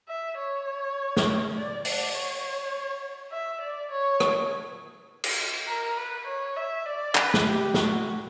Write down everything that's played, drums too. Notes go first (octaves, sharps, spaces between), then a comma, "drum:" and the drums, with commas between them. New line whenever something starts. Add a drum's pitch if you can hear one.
E5
C#5
drum: snare
D5
D5, drum: open hi-hat
C#5
E5
D5
C#5
drum: rim click
drum: cymbal
A#4
B4
C#5
E5
D5
B4, drum: clap
drum: snare
G4
F#4, drum: snare